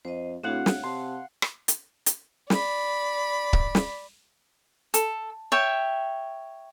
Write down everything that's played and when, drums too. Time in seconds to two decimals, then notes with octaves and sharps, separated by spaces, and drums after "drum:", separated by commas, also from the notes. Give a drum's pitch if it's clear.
0.05 F2 C5 D#5
0.44 A2 C4 D4 F#4 C#5 F5 F#5
0.66 D2, drum: snare
0.84 C3 A5 C6
1.42 drum: rim click
1.68 drum: hi-hat
2.06 drum: hi-hat
2.50 D5 B5, drum: snare
3.53 drum: kick C#1
3.75 drum: snare
4.94 A4, drum: hi-hat
5.52 C#5 E5 G5